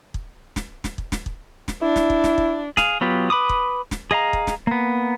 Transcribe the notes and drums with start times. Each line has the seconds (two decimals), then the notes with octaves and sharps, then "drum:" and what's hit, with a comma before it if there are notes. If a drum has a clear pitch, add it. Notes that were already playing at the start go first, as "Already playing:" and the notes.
0.14 drum: kick
0.56 drum: snare
0.84 drum: snare
0.98 drum: kick
1.12 drum: snare
1.26 drum: kick
1.68 drum: snare
1.82 D4 E4
1.96 drum: snare
2.10 drum: kick
2.24 drum: snare
2.38 drum: kick
2.77 G#4 F5, drum: snare
3.01 F#3 B3 F4 G4
3.30 B4 B5 D6 D#6
3.49 drum: kick
3.91 drum: snare
4.11 G#4 D#5 F5 A#5
4.33 drum: kick
4.47 drum: snare
4.67 A#3 B3